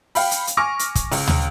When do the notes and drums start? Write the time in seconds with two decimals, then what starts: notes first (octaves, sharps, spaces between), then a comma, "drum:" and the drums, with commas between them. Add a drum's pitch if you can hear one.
0.15 F5 G5 B5, drum: open hi-hat
0.31 drum: hi-hat
0.47 drum: hi-hat
0.57 G#5 C#6 D6 F6 A#6
0.79 drum: hi-hat
0.95 drum: kick, hi-hat
1.12 C#2, drum: open hi-hat
1.28 drum: tom